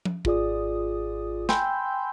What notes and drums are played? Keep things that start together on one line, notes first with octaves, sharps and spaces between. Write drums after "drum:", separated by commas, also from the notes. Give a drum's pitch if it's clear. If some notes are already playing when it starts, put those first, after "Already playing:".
drum: tom F3
G#1 F4 G#4 D5 D#6, drum: kick
G5 G#5 B5 C6 E6 G6, drum: snare